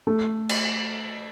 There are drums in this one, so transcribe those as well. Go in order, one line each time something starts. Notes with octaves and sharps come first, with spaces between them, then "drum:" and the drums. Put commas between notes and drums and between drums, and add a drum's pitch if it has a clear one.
A3
drum: cymbal